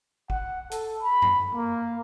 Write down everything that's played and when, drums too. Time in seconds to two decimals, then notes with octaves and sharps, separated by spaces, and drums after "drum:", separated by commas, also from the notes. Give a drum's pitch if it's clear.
0.30 F#5, drum: kick
0.71 A4, drum: hi-hat
1.02 B5
1.22 drum: tom F#2
1.55 A#3